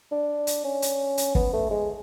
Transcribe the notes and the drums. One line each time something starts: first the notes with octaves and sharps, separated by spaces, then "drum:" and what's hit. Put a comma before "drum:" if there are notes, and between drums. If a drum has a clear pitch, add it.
D4
drum: hi-hat
C#4
drum: hi-hat
drum: hi-hat
B3, drum: kick
A3
G#3